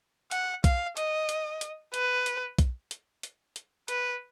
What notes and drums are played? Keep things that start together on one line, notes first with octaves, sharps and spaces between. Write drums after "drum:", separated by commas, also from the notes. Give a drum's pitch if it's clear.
F#5, drum: hi-hat
F5, drum: kick B1, hi-hat
D#5, drum: hi-hat
drum: hi-hat
drum: hi-hat
B4, drum: hi-hat
drum: hi-hat
drum: kick B1, hi-hat
drum: hi-hat
drum: hi-hat
drum: hi-hat
B4, drum: hi-hat